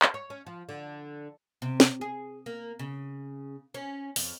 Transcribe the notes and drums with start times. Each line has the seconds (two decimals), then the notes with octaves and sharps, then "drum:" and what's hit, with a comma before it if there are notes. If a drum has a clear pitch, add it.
0.02 drum: clap
0.14 C#5
0.30 C#4
0.47 F3
0.69 D3
1.62 C3
1.80 drum: snare
2.01 G#4
2.46 A#3
2.79 C#3
3.74 C#4
4.16 F2, drum: open hi-hat